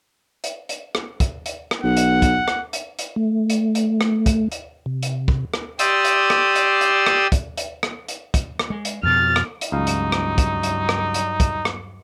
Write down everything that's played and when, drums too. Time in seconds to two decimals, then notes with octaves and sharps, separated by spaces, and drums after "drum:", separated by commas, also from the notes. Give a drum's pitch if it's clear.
0.44 drum: hi-hat
0.69 drum: hi-hat
0.95 drum: rim click
1.20 drum: kick, hi-hat
1.46 drum: hi-hat
1.71 drum: rim click
1.83 B1 F#5
1.97 drum: hi-hat
2.22 drum: kick, hi-hat
2.48 drum: rim click
2.73 drum: hi-hat
2.99 drum: hi-hat
3.16 A3
3.50 drum: hi-hat
3.75 drum: hi-hat
4.01 drum: rim click
4.26 drum: kick, hi-hat
4.52 drum: hi-hat
4.86 C3
5.03 drum: hi-hat
5.28 drum: kick
5.54 drum: rim click
5.79 G4 D5 C6 D#6 E6, drum: hi-hat
6.05 drum: hi-hat
6.30 drum: rim click
6.56 drum: hi-hat
6.81 drum: hi-hat
7.06 drum: rim click
7.32 drum: kick, hi-hat
7.57 drum: hi-hat
7.83 drum: rim click
8.08 drum: hi-hat
8.34 drum: kick, hi-hat
8.59 drum: rim click
8.70 G#3
8.85 drum: hi-hat
9.03 F2 B2 F6 A6
9.36 drum: rim click
9.61 drum: hi-hat
9.72 C#2 G2 F#3 D#4 F5
9.87 drum: hi-hat
10.12 drum: rim click
10.38 drum: kick, hi-hat
10.63 drum: hi-hat
10.89 drum: rim click
11.14 drum: hi-hat
11.40 drum: kick, hi-hat
11.65 drum: rim click